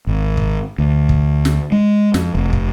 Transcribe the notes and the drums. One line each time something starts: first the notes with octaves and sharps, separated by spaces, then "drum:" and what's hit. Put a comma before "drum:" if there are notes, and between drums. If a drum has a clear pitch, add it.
G#1
drum: kick
D2
drum: kick
drum: snare
G#3
F2, drum: snare
F1
drum: kick